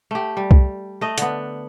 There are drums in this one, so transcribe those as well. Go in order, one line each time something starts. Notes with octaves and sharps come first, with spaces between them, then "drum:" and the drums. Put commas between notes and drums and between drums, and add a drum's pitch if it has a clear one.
A3 G4
G3
drum: kick C2
A3 D#5
D3 B3, drum: hi-hat